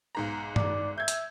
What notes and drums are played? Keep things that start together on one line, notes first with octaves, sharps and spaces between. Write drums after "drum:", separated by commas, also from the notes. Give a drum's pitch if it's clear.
B1 G#2 A#5
D5, drum: tom G2
E5 G6 G#6
drum: hi-hat